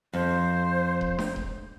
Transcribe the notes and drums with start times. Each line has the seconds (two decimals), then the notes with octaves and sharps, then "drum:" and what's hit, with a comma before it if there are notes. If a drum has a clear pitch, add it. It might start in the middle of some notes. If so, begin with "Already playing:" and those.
0.13 F2 C5
1.01 drum: kick D#1
1.19 drum: snare D4
1.36 drum: kick D#1